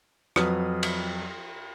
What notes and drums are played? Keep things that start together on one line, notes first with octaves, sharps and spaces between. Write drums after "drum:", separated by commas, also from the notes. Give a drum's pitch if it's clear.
F2 F#3 B4 D#6 F6, drum: rim click
drum: cymbal